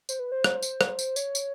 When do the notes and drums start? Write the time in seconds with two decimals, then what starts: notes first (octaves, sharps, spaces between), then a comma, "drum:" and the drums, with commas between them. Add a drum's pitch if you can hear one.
0.09 C5, drum: tambourine
0.19 B4
0.32 C5
0.44 drum: rim click
0.63 drum: tambourine
0.81 drum: rim click
0.99 drum: tambourine
1.16 C#5, drum: tambourine
1.35 drum: tambourine